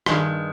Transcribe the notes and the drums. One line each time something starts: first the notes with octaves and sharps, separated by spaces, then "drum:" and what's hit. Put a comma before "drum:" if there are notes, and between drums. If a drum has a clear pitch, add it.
G2 D#3 G#3, drum: rim click